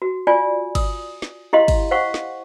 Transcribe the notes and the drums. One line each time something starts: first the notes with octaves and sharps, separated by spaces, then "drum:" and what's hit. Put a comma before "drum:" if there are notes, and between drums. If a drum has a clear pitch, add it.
F#4
F4 D5 G#5
D#6, drum: kick, cymbal
drum: snare
E4 G4 D#5 F5 C6
drum: kick, cymbal
C5 F5 F#5 C#6
drum: snare